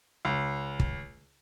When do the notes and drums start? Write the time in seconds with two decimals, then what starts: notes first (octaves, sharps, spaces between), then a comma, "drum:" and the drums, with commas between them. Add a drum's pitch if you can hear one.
0.25 C#2
0.80 drum: kick